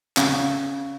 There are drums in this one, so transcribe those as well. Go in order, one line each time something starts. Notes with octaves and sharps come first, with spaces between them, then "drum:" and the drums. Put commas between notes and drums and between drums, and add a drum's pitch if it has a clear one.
C#3, drum: clap